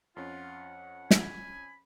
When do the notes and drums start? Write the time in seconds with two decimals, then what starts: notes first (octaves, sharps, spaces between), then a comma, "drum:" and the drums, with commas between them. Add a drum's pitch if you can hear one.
0.16 F2 C#4 F4 F#5
1.11 G#5 B5, drum: snare